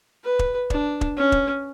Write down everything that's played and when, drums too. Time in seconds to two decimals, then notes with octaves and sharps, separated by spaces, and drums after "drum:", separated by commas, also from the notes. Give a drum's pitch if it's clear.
0.24 B4
0.39 drum: kick E1
0.70 D4, drum: kick E1
1.01 drum: kick E1
1.17 C#4
1.32 drum: kick E1